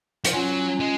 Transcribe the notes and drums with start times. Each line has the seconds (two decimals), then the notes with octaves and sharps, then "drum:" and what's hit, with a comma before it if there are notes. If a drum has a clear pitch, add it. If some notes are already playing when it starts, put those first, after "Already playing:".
0.25 F3, drum: hi-hat
0.34 F#3 C#4 F4
0.80 G#3